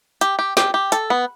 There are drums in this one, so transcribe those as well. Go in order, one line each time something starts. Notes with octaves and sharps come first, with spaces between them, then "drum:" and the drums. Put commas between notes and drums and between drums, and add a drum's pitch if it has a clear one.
G4, drum: hi-hat
G4
G4, drum: snare
G4
A4, drum: hi-hat
B3